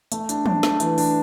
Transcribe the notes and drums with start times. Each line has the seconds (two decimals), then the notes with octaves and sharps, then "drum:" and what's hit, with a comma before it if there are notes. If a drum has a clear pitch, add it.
0.12 A3, drum: hi-hat
0.29 D4, drum: hi-hat
0.46 D4, drum: tom
0.63 A3, drum: snare
0.80 E3, drum: hi-hat
0.98 D4, drum: open hi-hat